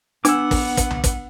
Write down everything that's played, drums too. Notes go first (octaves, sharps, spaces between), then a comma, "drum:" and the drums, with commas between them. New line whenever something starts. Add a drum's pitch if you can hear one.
B3 D4 F#5 D6 E6, drum: hi-hat
drum: kick, open hi-hat
drum: kick, hi-hat
drum: tom C2
drum: kick, hi-hat